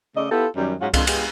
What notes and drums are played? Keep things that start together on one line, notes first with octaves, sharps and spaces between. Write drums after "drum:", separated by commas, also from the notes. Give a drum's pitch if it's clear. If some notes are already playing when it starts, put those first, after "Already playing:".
C#3 A3 D5 D#5
B3 E4 F4 G4 A4
F#2 D#3 G3
G#2 F#3 C#4 F4 F#5
F2 G#3 A#3 D4 F4, drum: kick C2, cymbal
G#3 B3 F4 G4 G#4, drum: cymbal